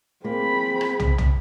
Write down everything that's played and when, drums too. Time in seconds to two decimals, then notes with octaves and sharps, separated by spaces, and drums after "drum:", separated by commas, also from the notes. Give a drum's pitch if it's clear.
0.24 A#3 C4 G#4 B5
0.81 drum: rim click
0.99 drum: tom
1.18 drum: tom